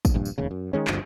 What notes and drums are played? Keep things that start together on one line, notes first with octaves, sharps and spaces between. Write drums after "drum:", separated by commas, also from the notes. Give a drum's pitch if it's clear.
drum: kick, tambourine
D#1 A#1 G2
drum: tambourine
F1 D#2 C#3
F#2
D#3 G#3 C#4
G1 D2 G2 F3, drum: clap